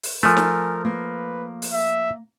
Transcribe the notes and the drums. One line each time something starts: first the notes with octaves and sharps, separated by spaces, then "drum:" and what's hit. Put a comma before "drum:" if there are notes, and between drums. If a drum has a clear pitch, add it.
drum: open hi-hat
F3 A3 A#4 G#5
drum: snare
A#3 B4
drum: open hi-hat
E5